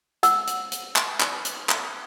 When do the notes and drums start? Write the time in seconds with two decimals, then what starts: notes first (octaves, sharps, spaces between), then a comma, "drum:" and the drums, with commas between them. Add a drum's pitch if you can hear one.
0.23 F#5 E6, drum: hi-hat
0.47 drum: hi-hat
0.72 drum: hi-hat
0.96 drum: clap
1.20 drum: clap
1.45 drum: hi-hat
1.69 drum: clap